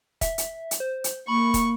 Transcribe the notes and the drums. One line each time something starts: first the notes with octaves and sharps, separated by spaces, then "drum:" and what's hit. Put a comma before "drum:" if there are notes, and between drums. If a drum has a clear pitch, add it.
E5, drum: kick, hi-hat
drum: hi-hat
drum: hi-hat
C5
drum: hi-hat
A#3 B5 C#6
drum: kick, hi-hat